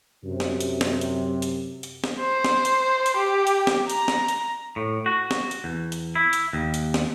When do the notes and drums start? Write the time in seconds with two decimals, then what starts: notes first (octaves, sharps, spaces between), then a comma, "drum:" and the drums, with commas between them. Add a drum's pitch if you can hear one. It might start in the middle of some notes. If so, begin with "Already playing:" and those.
0.25 F#2 C3
0.40 drum: snare
0.61 drum: hi-hat
0.81 drum: snare
1.01 drum: hi-hat
1.42 drum: hi-hat
1.83 drum: hi-hat
2.04 drum: snare
2.20 C5
2.44 drum: snare
2.65 drum: hi-hat
3.06 drum: hi-hat
3.17 G4
3.47 drum: hi-hat
3.67 drum: snare
3.90 A#5, drum: hi-hat
4.08 drum: snare
4.28 drum: hi-hat
4.76 A2
5.06 F#4
5.31 drum: snare
5.51 drum: hi-hat
5.64 E2
5.92 drum: hi-hat
6.15 E4
6.33 drum: hi-hat
6.53 D#2
6.74 drum: hi-hat
6.94 drum: snare